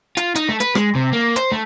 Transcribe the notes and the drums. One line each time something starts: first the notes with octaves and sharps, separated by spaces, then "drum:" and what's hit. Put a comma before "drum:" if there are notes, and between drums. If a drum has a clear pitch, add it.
F4, drum: hi-hat
D#4, drum: hi-hat
A3
B4, drum: hi-hat
G#3, drum: rim click
C3
A#3
C5, drum: hi-hat
A3